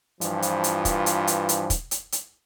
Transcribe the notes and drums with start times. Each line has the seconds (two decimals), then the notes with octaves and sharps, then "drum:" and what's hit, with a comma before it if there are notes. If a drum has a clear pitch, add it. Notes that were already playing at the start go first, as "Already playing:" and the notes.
0.21 G2 E3 F3, drum: hi-hat
0.42 drum: hi-hat
0.64 drum: hi-hat
0.85 drum: kick, hi-hat
1.06 drum: hi-hat
1.27 drum: hi-hat
1.49 drum: hi-hat
1.70 drum: kick, hi-hat
1.91 drum: hi-hat
2.12 drum: hi-hat